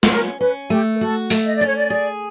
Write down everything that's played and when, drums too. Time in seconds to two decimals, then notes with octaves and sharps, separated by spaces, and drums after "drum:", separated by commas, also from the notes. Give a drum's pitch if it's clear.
0.03 A4, drum: snare
0.10 C#4 A#4
0.40 C#4 B4
0.70 A3 G4
0.95 A#4
1.00 F#4 A4
1.30 A3, drum: open hi-hat
1.46 D#5
1.56 D5
1.61 C#4
1.66 C#5
1.76 D5
1.90 G#4